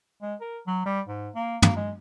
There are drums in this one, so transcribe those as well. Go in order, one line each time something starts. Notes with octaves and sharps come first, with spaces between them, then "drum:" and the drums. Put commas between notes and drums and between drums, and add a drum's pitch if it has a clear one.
G#3
A#4
F#3
G3
G#2
A#3
A#3, drum: tom
G#3